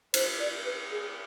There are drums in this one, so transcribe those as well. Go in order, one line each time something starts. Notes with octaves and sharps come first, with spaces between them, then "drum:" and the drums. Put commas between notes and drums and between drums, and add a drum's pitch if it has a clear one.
C5, drum: cymbal
D5
B4
G#4